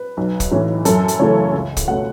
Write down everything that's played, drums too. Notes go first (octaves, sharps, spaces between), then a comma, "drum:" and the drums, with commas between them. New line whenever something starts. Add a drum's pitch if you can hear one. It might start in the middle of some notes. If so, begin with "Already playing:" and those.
Already playing: B4
B1
drum: kick, hi-hat
A2 E3 C#4
F#2 A4, drum: hi-hat
drum: hi-hat
C#3 E3 A3 C#4 C#5
C#2
drum: kick, hi-hat
B2 A3 C#4 F#5